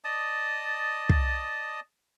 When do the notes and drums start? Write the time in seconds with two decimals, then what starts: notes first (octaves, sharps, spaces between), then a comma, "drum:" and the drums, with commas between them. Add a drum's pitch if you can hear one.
0.04 D5 D#5 A5 D#6
1.09 drum: kick